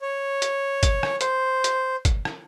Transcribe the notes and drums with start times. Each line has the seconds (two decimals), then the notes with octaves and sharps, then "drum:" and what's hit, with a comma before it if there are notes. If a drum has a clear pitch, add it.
0.01 C#5
0.42 drum: hi-hat
0.83 drum: kick, hi-hat
1.03 drum: rim click
1.21 C5, drum: hi-hat
1.64 drum: hi-hat
2.05 drum: kick, hi-hat
2.25 drum: rim click